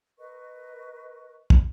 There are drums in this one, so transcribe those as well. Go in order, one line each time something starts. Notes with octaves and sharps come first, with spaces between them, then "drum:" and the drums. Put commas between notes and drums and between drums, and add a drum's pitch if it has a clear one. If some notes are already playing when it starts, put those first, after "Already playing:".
A#4 B4 D#5 C#6
drum: kick